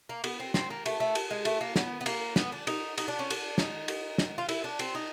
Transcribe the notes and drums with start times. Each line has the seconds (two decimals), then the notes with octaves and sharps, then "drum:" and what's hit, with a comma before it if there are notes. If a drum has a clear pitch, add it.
0.09 A#3
0.24 B3, drum: cymbal
0.40 C4
0.54 C4, drum: snare
0.70 A#3
0.86 A3, drum: cymbal
1.00 A3
1.15 drum: cymbal
1.31 G#3
1.45 A3, drum: cymbal
1.61 A#3
1.76 B3, drum: snare
2.01 B3
2.06 A#3, drum: cymbal
2.36 B3, drum: snare
2.52 D4
2.67 D#4, drum: cymbal
2.98 D#4, drum: cymbal
3.08 D4
3.19 C#4
3.30 D4, drum: cymbal
3.58 D#4, drum: snare
3.88 drum: cymbal
4.18 drum: snare
4.38 F4
4.49 E4, drum: cymbal
4.64 D4
4.79 C4, drum: cymbal
4.95 D#4